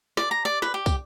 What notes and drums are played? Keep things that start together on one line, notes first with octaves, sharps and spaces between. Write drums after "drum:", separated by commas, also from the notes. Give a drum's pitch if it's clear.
D5, drum: snare
A#5
D5
B4, drum: snare
G4
drum: kick, tambourine